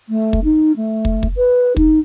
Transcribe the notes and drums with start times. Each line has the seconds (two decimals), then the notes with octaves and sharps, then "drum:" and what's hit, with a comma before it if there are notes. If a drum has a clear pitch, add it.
0.09 A3
0.33 drum: kick
0.44 D#4
0.76 A3
1.05 drum: kick
1.23 drum: kick
1.36 B4
1.77 D#4, drum: kick